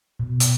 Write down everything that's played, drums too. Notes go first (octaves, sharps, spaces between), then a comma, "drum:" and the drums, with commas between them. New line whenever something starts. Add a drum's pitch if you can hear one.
B2
drum: hi-hat